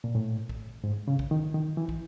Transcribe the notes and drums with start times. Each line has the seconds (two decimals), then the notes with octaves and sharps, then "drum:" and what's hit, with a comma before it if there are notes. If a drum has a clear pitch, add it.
0.04 A#2
0.15 A2
0.49 drum: kick
0.84 G#2
1.08 C#3
1.19 drum: kick
1.31 D#3
1.54 D#3
1.77 E3
1.89 drum: kick